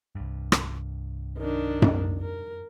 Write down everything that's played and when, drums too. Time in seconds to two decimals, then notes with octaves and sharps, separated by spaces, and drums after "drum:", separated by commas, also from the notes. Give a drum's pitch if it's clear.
0.15 C2 G2
0.52 drum: rim click
1.38 D#3 D4
1.82 drum: tom F#2
2.21 A#4